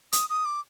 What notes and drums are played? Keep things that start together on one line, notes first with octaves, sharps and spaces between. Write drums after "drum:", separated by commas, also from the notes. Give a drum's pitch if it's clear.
D#6, drum: hi-hat
D#6
D6